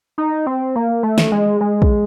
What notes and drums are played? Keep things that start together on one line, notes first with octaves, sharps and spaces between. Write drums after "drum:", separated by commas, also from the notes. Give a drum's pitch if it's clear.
D#4
C4
A#3
A3
drum: snare
G#3
G#3
drum: kick